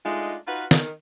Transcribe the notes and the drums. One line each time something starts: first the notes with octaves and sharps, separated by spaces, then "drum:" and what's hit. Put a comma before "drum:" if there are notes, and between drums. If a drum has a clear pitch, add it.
G#3 A3 D4 D#4 F4
D#4 F4 F#4 B4
D#3, drum: snare